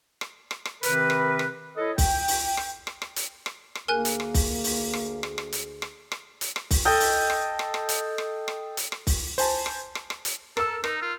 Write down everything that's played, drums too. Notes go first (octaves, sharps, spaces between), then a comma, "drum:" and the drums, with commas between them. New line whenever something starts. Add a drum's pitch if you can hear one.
drum: rim click
drum: rim click
drum: rim click
C3 D#3 C4 A#4 B4, drum: hi-hat
drum: rim click
drum: rim click
E4 A4 C#5 D#5
G5, drum: kick, open hi-hat
drum: open hi-hat
drum: rim click
drum: rim click
drum: rim click
drum: hi-hat
drum: rim click
drum: rim click
D2 A#3 G#4 A#4 G#5 F#6
drum: hi-hat
drum: rim click
drum: kick, open hi-hat
drum: open hi-hat
drum: rim click
drum: rim click
drum: rim click
drum: hi-hat
drum: rim click
drum: rim click
drum: hi-hat
drum: rim click
drum: kick, open hi-hat
A4 D#5 G5
drum: open hi-hat
drum: rim click
drum: rim click
drum: rim click
drum: hi-hat
drum: rim click
drum: rim click
drum: hi-hat
drum: rim click
drum: kick, open hi-hat
C5 G#5 A5, drum: open hi-hat
drum: rim click
drum: rim click
drum: rim click
drum: hi-hat
A4 A#4 E6, drum: rim click
D#4 A#4, drum: rim click
F4